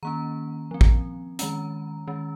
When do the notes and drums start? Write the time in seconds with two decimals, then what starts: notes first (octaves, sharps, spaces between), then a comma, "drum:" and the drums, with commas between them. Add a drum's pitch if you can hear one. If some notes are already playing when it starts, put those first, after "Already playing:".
0.03 D#3 A#3 C#4 A#5
0.71 F3 C4
0.81 drum: kick
1.39 D#3 G#3 C#4 A#5, drum: hi-hat
2.08 D#3 G#3 C#4